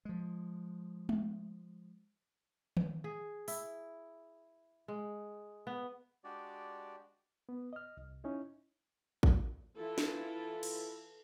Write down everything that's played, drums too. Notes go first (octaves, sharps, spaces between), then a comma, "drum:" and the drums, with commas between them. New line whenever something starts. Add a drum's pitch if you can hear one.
F3 G#3
drum: tom G#3
drum: tom D#3
G#4
E4, drum: open hi-hat
G#3
B3
G#3 D4 F#4 G4 D5
B3
D#5 F6
C2
C#4 D#4 E4
drum: kick A1
E3 E4 F4 A4
drum: snare
drum: cymbal